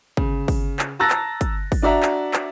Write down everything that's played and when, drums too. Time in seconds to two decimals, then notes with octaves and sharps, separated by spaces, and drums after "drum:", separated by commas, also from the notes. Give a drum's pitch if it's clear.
0.17 C#3, drum: kick
0.48 drum: kick, open hi-hat
0.79 drum: clap
0.99 A5 A#5 E6 F#6 A6 A#6
1.10 drum: clap
1.41 drum: kick, hi-hat
1.72 drum: kick, open hi-hat
1.82 D4 F#4 D5 E5 A#5
2.03 drum: clap
2.33 drum: clap